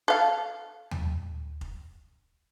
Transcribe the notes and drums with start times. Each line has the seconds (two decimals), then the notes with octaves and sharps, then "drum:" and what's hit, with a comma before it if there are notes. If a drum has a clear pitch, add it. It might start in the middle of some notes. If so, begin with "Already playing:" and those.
0.08 A4 F5
0.91 drum: tom
1.61 drum: kick F1